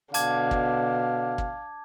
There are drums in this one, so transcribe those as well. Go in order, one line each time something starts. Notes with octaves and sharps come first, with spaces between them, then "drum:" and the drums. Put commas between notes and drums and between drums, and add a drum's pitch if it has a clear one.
B2 D3 F5 A5 D6 G#6, drum: hi-hat
drum: kick
drum: kick